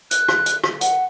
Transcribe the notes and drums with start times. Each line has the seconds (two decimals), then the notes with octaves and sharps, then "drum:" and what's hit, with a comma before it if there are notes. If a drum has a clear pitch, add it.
0.11 F#6, drum: hi-hat
0.28 drum: rim click
0.46 drum: hi-hat
0.64 drum: rim click
0.81 F#5, drum: hi-hat